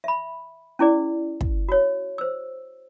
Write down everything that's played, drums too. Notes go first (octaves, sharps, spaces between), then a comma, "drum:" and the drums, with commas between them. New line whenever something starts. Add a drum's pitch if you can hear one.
E5 B5
C#4 E4 G#4 D5
drum: kick
F#4 C#5
C5 E6